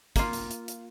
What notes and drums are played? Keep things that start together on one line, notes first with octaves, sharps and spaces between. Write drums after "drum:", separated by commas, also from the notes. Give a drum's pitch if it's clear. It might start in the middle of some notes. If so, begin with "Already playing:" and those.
A#3 F4, drum: kick, hi-hat
drum: hi-hat
drum: hi-hat
drum: hi-hat